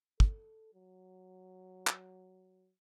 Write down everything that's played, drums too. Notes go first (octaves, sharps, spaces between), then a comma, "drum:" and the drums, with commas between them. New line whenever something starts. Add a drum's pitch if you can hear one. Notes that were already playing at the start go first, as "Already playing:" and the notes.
A4, drum: kick
F#3
drum: clap